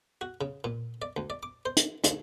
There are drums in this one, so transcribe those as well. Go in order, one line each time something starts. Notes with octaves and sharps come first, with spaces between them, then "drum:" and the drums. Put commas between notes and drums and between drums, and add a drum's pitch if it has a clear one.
F#4
C#3
A#2
D5
D2
D5
D6
C5
drum: hi-hat
D2, drum: hi-hat